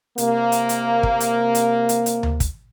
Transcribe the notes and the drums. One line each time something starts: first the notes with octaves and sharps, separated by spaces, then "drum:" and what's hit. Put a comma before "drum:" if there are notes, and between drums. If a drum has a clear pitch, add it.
C3 A#3, drum: hi-hat
drum: hi-hat
drum: hi-hat
drum: kick
drum: hi-hat
drum: hi-hat
drum: hi-hat
drum: hi-hat
drum: tom D2
drum: kick, hi-hat